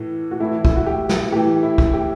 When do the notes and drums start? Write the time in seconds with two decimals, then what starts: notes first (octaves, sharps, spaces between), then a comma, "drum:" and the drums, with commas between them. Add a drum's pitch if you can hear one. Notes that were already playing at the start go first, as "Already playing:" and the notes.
Already playing: A2 E3
0.31 F#4
0.40 A2 E3 E4
0.65 E4, drum: kick
0.76 F#4
0.86 G4
1.09 drum: snare
1.32 A2 E3 G4
1.63 E4
1.78 drum: kick
1.93 G4